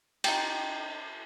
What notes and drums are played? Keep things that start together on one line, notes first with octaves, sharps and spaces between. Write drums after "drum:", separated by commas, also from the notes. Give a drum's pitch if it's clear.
D#4 G5, drum: cymbal